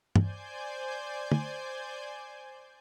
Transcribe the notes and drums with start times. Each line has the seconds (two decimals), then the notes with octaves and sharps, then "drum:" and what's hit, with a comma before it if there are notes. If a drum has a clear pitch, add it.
0.16 C5 D5 G#5 G6, drum: tom
1.32 drum: tom